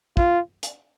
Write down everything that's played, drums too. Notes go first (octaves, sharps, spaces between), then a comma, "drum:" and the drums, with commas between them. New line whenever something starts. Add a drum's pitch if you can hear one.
F4, drum: kick
drum: hi-hat